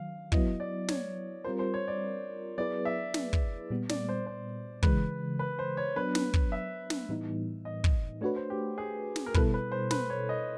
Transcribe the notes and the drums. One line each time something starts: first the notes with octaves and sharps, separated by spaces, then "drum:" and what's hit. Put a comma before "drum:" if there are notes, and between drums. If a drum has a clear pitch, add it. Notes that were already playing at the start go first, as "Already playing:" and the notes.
Already playing: D#3 F#3 F5
F#3 B3 E4 D#5, drum: kick
D5
C#5, drum: snare
G3 C4 F4 A#4 C5
C5
C#5
D5
F#3 B3 E4 G#4 B4 D5
E5
drum: snare
drum: kick
A#2 G3 B3
D5, drum: snare
C5
C5
C#3 E3 G#3 B4, drum: kick
B4
C5
C#5
F#3 B3 D4 B4
drum: snare
drum: kick
E5
drum: snare
A2 E3 G3 B3 D#4
D#5
drum: kick
A3 D4 F#4 B4 C#5
C5
G4
G#4
drum: snare
A#4
B2 G3 B3 E4 A4 B4, drum: kick
B4
C5
B4, drum: snare
C#5
D#5